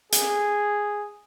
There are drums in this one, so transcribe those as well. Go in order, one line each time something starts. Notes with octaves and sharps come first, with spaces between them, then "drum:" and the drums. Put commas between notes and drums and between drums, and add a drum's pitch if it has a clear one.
G#4, drum: hi-hat